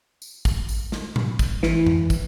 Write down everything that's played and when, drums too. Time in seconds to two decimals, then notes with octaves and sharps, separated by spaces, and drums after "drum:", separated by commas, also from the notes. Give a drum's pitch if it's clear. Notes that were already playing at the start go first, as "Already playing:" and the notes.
0.22 drum: tambourine
0.45 drum: kick, tambourine
0.69 drum: tambourine
0.92 drum: snare
1.16 drum: tom A2
1.39 drum: kick, tambourine
1.63 E3, drum: snare
1.86 drum: tom F2
2.10 drum: kick, tambourine